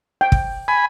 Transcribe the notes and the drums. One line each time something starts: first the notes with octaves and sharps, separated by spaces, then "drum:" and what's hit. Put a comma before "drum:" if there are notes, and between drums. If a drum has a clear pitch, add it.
G5
drum: kick
G#5 B5